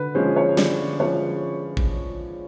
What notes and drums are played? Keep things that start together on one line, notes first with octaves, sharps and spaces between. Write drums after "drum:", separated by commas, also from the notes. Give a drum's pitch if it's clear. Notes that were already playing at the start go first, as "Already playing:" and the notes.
Already playing: D3 B4
F3 G#3 C#4 C5
C#5
D3 D5, drum: snare
F3 G#3 C#4 C#5
drum: kick G#1